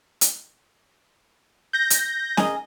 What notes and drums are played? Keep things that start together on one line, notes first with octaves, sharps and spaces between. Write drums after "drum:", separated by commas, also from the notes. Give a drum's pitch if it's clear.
drum: hi-hat
G6 A#6
drum: hi-hat
G#4 A#4 D#5, drum: snare C#4